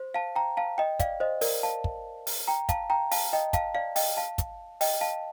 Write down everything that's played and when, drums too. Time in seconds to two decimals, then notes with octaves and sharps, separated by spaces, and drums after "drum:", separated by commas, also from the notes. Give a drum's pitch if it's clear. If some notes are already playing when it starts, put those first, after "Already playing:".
Already playing: C5
0.14 F5 A5
0.36 G5 A#5
0.57 F5 A5
0.78 D#5 G5
0.99 D5 F5, drum: kick, hi-hat
1.20 C5 D#5
1.41 A#4 D5, drum: open hi-hat
1.63 F5 A5
1.84 drum: kick
2.27 drum: open hi-hat
2.48 G5 A#5
2.69 F5 A5, drum: kick, hi-hat
2.90 G5 A#5
3.11 F5 A5, drum: open hi-hat
3.33 D#5 G5
3.53 F5 A5, drum: kick, hi-hat
3.75 D5 F5
3.96 D#5 G5, drum: open hi-hat
4.17 F5 A5
4.38 drum: kick, hi-hat
4.81 D#5 G5, drum: open hi-hat
5.01 F5 A5